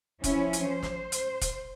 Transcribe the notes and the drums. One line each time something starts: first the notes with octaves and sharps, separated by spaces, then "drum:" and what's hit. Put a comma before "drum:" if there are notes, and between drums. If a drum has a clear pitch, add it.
F3 C#4 E4, drum: kick E1, hi-hat
drum: hi-hat
C5
drum: snare
drum: hi-hat
drum: kick E1, hi-hat